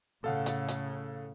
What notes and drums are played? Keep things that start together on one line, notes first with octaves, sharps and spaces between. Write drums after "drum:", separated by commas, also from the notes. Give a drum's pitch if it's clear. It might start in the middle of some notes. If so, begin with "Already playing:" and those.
A2 C#3 A4 F5 F#5
drum: hi-hat
drum: hi-hat